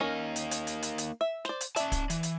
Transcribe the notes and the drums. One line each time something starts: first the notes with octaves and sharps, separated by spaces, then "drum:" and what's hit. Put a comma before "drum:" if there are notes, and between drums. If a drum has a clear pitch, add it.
A#3 C#4 D#4 A#4
drum: hi-hat
drum: hi-hat
drum: hi-hat
drum: hi-hat
drum: hi-hat
E5
C5 D5, drum: snare
drum: hi-hat
C#4 D5 E5 A5, drum: hi-hat
drum: kick, hi-hat
E3, drum: hi-hat
drum: hi-hat